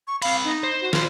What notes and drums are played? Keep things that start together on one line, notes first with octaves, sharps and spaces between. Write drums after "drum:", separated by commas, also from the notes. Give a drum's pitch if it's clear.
C#6
C4 F5 B5, drum: cymbal
D#4
C5
F#4
F4 A#4 C5, drum: snare